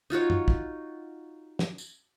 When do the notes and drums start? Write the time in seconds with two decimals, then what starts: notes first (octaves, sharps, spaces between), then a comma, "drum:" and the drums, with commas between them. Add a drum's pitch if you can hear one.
0.10 D#4 F4 F#4 C#5
0.30 drum: tom
0.48 drum: kick
1.59 drum: snare
1.78 drum: tambourine